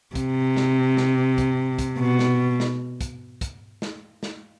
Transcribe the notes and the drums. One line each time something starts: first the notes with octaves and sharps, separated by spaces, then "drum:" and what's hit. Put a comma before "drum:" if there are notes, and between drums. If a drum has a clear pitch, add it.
C3, drum: kick, hi-hat
drum: snare
drum: snare
drum: kick, hi-hat
drum: kick, hi-hat
B2
drum: snare
drum: snare
drum: kick, hi-hat
drum: kick, hi-hat
drum: snare
drum: snare